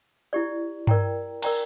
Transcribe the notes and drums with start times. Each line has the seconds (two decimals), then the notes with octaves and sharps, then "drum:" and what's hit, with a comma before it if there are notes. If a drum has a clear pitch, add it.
0.33 E4 G4 D5
0.87 A#4 D5 G5 A#5, drum: tom G2
1.42 A#4 D5 G5 A#5, drum: cymbal